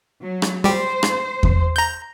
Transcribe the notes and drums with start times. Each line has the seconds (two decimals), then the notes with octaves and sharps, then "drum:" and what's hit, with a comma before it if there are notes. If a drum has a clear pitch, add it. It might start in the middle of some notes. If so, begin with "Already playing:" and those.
0.22 F#3
0.42 drum: rim click
0.64 G3 G4 C5
1.03 drum: rim click
1.43 drum: kick E2
1.76 A#5 G6